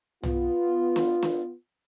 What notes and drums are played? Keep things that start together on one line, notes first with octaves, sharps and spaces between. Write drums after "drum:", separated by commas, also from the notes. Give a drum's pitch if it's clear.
B3 F4, drum: tom
drum: snare
drum: snare